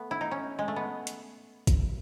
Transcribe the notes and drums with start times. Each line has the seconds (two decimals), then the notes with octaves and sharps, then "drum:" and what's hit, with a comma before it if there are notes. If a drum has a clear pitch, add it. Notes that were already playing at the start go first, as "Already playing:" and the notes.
Already playing: A3 B3
0.11 E4
0.21 D#4
0.31 C#4
0.59 G#3
0.68 A3
0.76 B3
1.07 drum: hi-hat
1.67 drum: kick, hi-hat